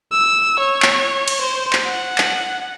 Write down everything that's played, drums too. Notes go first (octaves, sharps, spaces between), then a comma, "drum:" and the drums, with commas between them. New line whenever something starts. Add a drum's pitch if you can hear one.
E6
C#5
drum: clap
drum: cymbal
C5
drum: clap
F#5
drum: clap